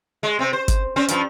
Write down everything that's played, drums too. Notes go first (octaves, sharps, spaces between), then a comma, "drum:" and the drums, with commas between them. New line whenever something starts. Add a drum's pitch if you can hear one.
G#3
C3 C4
C5
drum: kick G1, hi-hat
C4 C#4 C5
G2 F3, drum: hi-hat